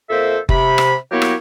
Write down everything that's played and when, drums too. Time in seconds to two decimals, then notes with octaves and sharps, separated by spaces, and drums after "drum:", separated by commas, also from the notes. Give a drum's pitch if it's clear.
0.10 F2 A#3 A4 C5 E5
0.49 C3 B5, drum: kick F#1
0.78 drum: rim click
1.11 F#3 A#3 B3 E4 G4 C#5
1.22 drum: rim click